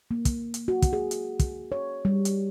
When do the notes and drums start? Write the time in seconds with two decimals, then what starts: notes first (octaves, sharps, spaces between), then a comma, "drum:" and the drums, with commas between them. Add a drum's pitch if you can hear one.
0.11 A#3
0.25 drum: kick, hi-hat
0.54 drum: hi-hat
0.68 F#4
0.82 drum: kick, hi-hat
0.93 G#4
1.11 drum: hi-hat
1.39 drum: kick, hi-hat
1.72 C#5
2.05 G3
2.25 drum: hi-hat